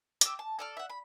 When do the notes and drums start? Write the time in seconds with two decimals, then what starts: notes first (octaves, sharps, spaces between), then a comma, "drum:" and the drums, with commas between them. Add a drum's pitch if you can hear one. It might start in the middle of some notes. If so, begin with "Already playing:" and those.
0.21 G4 E6, drum: hi-hat
0.39 A5
0.59 A4 D5 F6
0.77 E5 F#5
0.90 B5